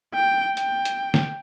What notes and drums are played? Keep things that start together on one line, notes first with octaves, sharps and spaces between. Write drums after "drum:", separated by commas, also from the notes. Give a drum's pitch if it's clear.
G5
G5, drum: hi-hat
drum: hi-hat
drum: snare